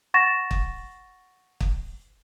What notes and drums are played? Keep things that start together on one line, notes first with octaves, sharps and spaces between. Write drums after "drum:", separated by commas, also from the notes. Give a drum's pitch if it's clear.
F#5 C#6 A6 A#6 E7
drum: kick
drum: kick